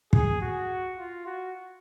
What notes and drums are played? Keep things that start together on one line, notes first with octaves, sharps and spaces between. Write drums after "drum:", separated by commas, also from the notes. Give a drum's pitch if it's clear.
G#4, drum: kick
F#4
F4
F#4